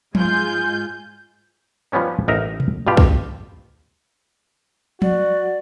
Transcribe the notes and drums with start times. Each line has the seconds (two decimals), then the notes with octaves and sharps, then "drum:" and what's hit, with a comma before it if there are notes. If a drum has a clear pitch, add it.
0.15 G#2 G#3 F4 G#5 G6, drum: tom F3
1.92 F3 G3 B3 C#4 D#4
2.28 A1 D#4 A#4 D#5 E5 A#5
2.60 drum: tom B2
2.87 G2 B2 F4 G4
2.97 drum: kick
5.02 F#4 D5, drum: tom F3